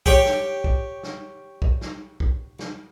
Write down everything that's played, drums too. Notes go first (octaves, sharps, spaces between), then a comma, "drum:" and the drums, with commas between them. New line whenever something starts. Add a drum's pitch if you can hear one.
G4 C#5, drum: kick
drum: snare
drum: kick
drum: snare
drum: kick
drum: snare
drum: kick
drum: snare